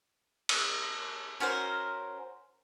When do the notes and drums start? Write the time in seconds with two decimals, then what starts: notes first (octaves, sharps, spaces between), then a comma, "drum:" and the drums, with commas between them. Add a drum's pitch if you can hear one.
0.49 drum: cymbal
1.40 C#4 F#4 A#4 C5